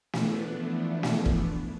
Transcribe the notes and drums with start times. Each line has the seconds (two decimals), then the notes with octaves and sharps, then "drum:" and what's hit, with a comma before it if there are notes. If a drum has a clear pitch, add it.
0.13 E3 F3 A3 B3 D4, drum: snare
1.03 drum: snare
1.26 drum: kick